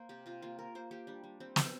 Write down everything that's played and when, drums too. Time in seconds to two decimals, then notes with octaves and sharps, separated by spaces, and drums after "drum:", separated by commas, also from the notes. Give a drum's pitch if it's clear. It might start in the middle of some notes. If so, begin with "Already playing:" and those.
Already playing: A#3 C5
0.09 C3 G4
0.26 C3 F4
0.42 A#3 F4
0.59 A#3 A#4
0.75 A#3 C5
0.91 A#3 G4
1.07 G3 D4
1.24 G3
1.40 G3 C4
1.56 C3 C5, drum: snare